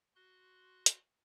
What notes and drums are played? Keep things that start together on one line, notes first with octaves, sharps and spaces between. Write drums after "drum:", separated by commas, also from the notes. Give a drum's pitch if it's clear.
F#4 C6 F#6
drum: hi-hat